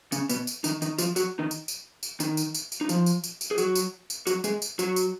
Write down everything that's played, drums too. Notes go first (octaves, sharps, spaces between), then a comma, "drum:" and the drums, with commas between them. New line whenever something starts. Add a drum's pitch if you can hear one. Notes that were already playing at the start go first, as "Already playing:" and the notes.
C#3 C#4, drum: tambourine
B2 B3, drum: tambourine
drum: tambourine
D#3 D#4, drum: tambourine
D#3 D#4, drum: tambourine
F3 F4, drum: tambourine
F#3 F#4, drum: tambourine
D#3 D#4
drum: tambourine
drum: tambourine
drum: tambourine
D#3 D#4, drum: tambourine
drum: tambourine
drum: tambourine
drum: tambourine
D#4
F3 F4, drum: tambourine
drum: tambourine
drum: tambourine
drum: tambourine
G#4
F#3 F#4, drum: tambourine
drum: tambourine
drum: tambourine
F#3 F#4, drum: tambourine
G#3 G#4, drum: tambourine
drum: tambourine
F#3 F#4, drum: tambourine
drum: tambourine